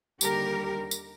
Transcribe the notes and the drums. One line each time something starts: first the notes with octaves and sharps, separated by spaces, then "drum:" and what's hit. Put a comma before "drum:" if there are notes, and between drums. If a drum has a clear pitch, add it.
D#2 D3 G3 G4 A#4, drum: tambourine
drum: tambourine